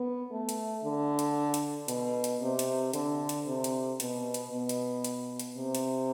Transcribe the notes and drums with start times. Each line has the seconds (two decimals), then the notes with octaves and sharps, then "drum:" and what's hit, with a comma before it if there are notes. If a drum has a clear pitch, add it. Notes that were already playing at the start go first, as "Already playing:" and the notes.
Already playing: B3
0.31 A3
0.49 drum: hi-hat
0.84 D3
1.19 drum: hi-hat
1.54 drum: hi-hat
1.88 B2, drum: hi-hat
2.24 drum: hi-hat
2.41 C3
2.59 drum: hi-hat
2.94 D3, drum: hi-hat
3.29 drum: hi-hat
3.47 C3
3.64 drum: hi-hat
4.00 B2, drum: hi-hat
4.34 drum: hi-hat
4.52 B2
4.69 drum: hi-hat
5.04 drum: hi-hat
5.40 drum: hi-hat
5.57 C3
5.75 drum: hi-hat